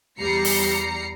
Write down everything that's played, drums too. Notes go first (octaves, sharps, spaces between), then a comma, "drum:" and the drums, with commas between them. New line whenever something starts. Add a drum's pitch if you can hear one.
E2 G3 A#5 C7 C#7
drum: open hi-hat